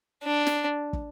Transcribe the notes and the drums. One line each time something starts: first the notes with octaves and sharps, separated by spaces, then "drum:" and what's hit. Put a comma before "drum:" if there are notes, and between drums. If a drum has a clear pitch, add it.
D4
drum: snare
drum: kick